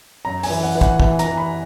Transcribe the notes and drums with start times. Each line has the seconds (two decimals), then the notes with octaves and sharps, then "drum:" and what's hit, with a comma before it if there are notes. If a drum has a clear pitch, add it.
0.25 F#2 A#5
0.43 G#5, drum: open hi-hat
0.50 E3
0.63 F#5
0.75 E3
0.81 F#5, drum: kick, hi-hat
1.00 E3, drum: kick
1.19 A#5, drum: hi-hat
1.26 E3
1.37 B5